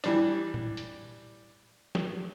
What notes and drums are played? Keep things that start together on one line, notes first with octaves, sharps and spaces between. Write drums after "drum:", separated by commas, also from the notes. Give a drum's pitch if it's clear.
E3 G3 D4, drum: hi-hat
drum: tom A#2
drum: hi-hat
drum: snare